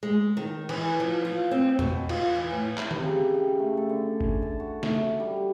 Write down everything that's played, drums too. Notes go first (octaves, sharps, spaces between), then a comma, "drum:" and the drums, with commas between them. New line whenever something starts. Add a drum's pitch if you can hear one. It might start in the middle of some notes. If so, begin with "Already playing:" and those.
G#3
D#3
E3, drum: cymbal
F3
F4
C4
B2, drum: tom E2
F4, drum: cymbal
E3
A2
drum: clap
C3, drum: tom D#3
C#3
G5
A3
A4
D3
G#4, drum: kick G1
A5
F#4
E5, drum: snare
G3